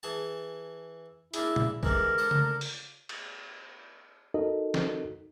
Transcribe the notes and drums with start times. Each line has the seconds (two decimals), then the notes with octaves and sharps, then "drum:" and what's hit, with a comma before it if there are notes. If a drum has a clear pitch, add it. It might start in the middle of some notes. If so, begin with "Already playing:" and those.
0.03 E3 G#4 A5
1.34 A#3 D4 E4 G#4, drum: hi-hat
1.56 drum: tom A#2
1.83 D3 E3 G#3 A#4, drum: kick
2.18 D4 A4 C5
2.31 drum: tom C#3
2.61 drum: open hi-hat
3.09 drum: cymbal
4.34 D#4 F#4 A4 A#4 D#5
4.74 drum: snare